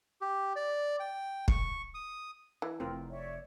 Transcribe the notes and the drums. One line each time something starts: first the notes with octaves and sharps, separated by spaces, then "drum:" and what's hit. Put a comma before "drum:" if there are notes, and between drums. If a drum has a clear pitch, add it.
G4
D5
G5
C#6, drum: kick
D#6
E3
F1 C4 F4 A#4
C#5 D5 E5